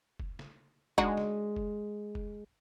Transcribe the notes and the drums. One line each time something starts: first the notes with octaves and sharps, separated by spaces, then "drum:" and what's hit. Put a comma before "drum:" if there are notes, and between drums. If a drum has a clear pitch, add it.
drum: kick
drum: snare
G#3 D4 D#4 F#4, drum: kick
drum: snare
drum: kick
drum: kick